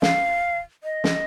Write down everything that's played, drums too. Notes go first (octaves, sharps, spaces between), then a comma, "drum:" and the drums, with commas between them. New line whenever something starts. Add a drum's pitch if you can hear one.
F5, drum: snare
D#5
drum: snare